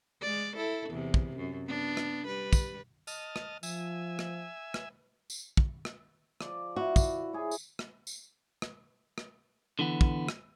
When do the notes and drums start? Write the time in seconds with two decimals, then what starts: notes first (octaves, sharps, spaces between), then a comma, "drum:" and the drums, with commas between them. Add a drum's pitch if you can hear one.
0.22 G#3 D5
0.56 E4 A4
0.89 E2 C3
1.14 drum: kick
1.36 F#2
1.67 B3 D4
1.97 drum: rim click
2.27 G3 B4
2.53 drum: kick, tambourine
3.07 D#5 A5 F6, drum: tambourine
3.36 drum: rim click
3.63 F3 E5 G#5, drum: tambourine
4.19 drum: rim click
4.74 drum: rim click
5.30 drum: tambourine
5.57 drum: kick
5.85 drum: rim click
6.41 F3 D5, drum: rim click
6.76 E4 F#4
6.96 drum: kick, tambourine
7.33 E4 G#4 C#5
7.51 drum: tambourine
7.79 drum: rim click
8.07 drum: tambourine
8.62 drum: rim click
9.18 drum: rim click
9.79 D3 E3 B3
10.01 drum: kick
10.28 drum: rim click